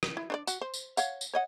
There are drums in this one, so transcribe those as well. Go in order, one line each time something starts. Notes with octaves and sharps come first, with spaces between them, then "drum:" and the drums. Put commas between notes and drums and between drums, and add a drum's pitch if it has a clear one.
drum: rim click
E4
D4 C5 D5
F#4, drum: tambourine
C5
drum: tambourine
C#5 F5 F#5, drum: tambourine
drum: tambourine
C#5 D#5 F#5